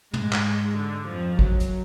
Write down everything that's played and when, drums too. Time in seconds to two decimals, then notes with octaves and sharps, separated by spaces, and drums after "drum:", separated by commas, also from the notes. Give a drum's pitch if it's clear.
0.14 G#2 G#3, drum: tom
0.33 drum: clap
0.77 D3
1.08 F2 F3
1.39 F#2 F#3, drum: kick G#1
1.60 drum: hi-hat